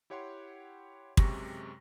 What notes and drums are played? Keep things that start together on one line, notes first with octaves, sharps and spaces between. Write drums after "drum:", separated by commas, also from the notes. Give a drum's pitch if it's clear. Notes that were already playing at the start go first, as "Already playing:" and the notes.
E4 G4 C#5 F#5 G5 C6
F#2 C3 G#3 G4 C#6 A#6, drum: kick